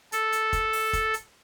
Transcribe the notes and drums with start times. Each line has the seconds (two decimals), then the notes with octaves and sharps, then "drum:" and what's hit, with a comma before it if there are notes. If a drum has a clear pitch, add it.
0.12 A4, drum: hi-hat
0.32 drum: hi-hat
0.53 drum: kick, hi-hat
0.73 drum: open hi-hat
0.93 drum: kick, hi-hat
1.14 drum: hi-hat